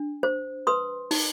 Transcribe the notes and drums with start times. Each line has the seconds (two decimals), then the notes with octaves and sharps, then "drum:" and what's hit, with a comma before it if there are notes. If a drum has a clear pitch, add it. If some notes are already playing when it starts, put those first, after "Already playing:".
Already playing: D4
0.23 C5
0.67 B4 C6 D#6
1.11 D#4, drum: open hi-hat